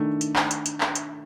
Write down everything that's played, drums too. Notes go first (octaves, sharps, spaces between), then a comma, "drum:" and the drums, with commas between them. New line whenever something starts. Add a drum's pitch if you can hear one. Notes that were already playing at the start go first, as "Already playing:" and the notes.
Already playing: D#3 A3 D4
drum: hi-hat
drum: clap
drum: hi-hat
drum: hi-hat
drum: clap
drum: hi-hat